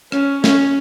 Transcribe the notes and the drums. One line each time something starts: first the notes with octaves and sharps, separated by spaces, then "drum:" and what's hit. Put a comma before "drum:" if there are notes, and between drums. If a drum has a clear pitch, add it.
C#4, drum: rim click
C#4, drum: snare